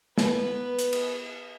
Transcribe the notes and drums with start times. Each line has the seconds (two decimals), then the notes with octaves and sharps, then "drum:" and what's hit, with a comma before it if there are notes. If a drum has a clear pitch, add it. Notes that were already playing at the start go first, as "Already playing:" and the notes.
0.18 B3 B4, drum: snare
0.79 drum: hi-hat
0.93 drum: cymbal